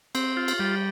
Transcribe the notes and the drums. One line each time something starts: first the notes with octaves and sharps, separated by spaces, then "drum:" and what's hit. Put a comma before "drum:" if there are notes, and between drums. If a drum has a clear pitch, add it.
C4, drum: cymbal
F4
drum: cymbal
G3